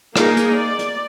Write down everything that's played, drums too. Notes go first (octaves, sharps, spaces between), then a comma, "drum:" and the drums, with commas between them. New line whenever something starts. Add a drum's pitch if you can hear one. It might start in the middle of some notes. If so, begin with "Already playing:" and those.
A#3 D#4 G#4 A#4, drum: rim click
drum: hi-hat
D5
drum: hi-hat